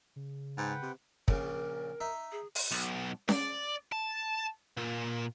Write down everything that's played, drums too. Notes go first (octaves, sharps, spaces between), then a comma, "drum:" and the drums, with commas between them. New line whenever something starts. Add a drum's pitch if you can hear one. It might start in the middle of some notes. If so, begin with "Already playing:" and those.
C#3
G#2 B4 F#5 G5
C3
A#1 C#3 A#4, drum: kick
D#4 E5
G#4
drum: open hi-hat
B1
D5, drum: snare C#4
A5
A#2